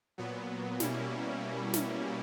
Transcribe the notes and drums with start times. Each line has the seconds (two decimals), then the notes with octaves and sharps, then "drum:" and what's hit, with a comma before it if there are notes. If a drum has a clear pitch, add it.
0.18 A#2 F#3 B3
0.80 B2 G3 A#3 C#4 E4, drum: snare
1.74 drum: snare